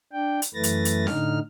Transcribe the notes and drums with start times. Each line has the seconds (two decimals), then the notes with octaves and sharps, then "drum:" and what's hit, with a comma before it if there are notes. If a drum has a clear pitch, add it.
0.13 D4 G5
0.42 drum: hi-hat
0.54 F#2 E3 A3 B4 A6 A#6
0.63 drum: hi-hat
0.85 drum: hi-hat
1.07 A2 D3 D#4 F6, drum: snare C#4